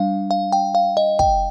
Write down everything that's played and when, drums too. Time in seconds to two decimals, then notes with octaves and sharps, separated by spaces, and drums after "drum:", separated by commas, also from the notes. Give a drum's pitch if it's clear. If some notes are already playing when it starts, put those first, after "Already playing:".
Already playing: G3 D4 F5
0.31 F5
0.52 G5
0.75 F5
0.97 D#5
1.19 G5, drum: kick